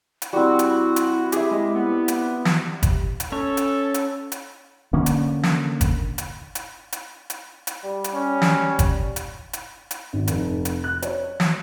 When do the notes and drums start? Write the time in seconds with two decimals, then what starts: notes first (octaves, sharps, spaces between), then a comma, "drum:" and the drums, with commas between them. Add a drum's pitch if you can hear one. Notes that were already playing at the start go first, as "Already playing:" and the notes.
0.22 drum: hi-hat
0.33 G3 C4 E4 F#4
0.59 drum: hi-hat
0.96 drum: hi-hat
1.32 G4 G#4 E5, drum: hi-hat
1.52 G#3
1.75 B3
2.08 drum: hi-hat
2.45 drum: snare
2.83 drum: kick, hi-hat
3.20 drum: hi-hat
3.32 C#4 A4 C#5
3.57 drum: hi-hat
3.94 drum: hi-hat
4.32 drum: hi-hat
4.93 D3 A#3 C#4
5.06 drum: hi-hat
5.43 drum: snare
5.81 drum: kick, hi-hat
6.18 drum: hi-hat
6.55 drum: hi-hat
6.92 drum: hi-hat
7.30 drum: hi-hat
7.67 drum: hi-hat
7.84 G3
8.04 drum: hi-hat
8.15 C#4
8.42 drum: snare
8.79 drum: kick, hi-hat
9.16 drum: hi-hat
9.53 drum: hi-hat
9.91 drum: hi-hat
10.13 G#1
10.28 F1, drum: hi-hat
10.65 drum: hi-hat
10.84 F#6
11.02 C#5, drum: hi-hat
11.40 drum: snare